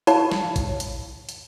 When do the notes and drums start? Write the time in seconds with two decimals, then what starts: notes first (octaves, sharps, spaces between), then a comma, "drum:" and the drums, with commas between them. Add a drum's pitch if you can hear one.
0.07 E4 C#5 F5 A5, drum: hi-hat
0.32 drum: snare
0.56 drum: kick, hi-hat
0.80 drum: hi-hat
1.29 drum: hi-hat